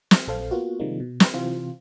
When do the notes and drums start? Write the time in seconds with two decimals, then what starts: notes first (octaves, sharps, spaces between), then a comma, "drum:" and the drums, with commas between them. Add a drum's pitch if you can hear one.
0.11 drum: snare
0.28 A#1 A4 C5 F5
0.51 A#3 B3 F4 F#4
0.79 C3 D#3 F3 G3 G#3 A#3
1.00 B2
1.20 B4 G5 C6, drum: snare
1.33 C3 E3 C4 F4